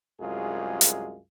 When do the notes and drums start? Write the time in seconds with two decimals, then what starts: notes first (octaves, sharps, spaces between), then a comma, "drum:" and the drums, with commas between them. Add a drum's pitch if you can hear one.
0.19 C2 F#2 G#3 F4 G#4
0.81 drum: hi-hat